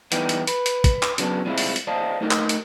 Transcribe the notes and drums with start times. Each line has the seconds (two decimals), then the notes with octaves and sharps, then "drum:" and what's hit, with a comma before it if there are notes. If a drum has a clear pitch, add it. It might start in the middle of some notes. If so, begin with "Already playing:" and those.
0.12 E3 G3 B3 D#4 G4, drum: hi-hat
0.29 drum: hi-hat
0.47 B4, drum: hi-hat
0.66 drum: hi-hat
0.84 drum: kick, hi-hat
1.03 drum: clap
1.18 C#3 F#3 B3 D4, drum: hi-hat
1.45 C3 G3 G#3 C4 E4 F4
1.58 drum: open hi-hat
1.76 drum: hi-hat
1.87 C5 D5 D#5 F5 A5
2.21 A3 D#4 G4 A#4 D#5
2.31 drum: clap
2.49 drum: hi-hat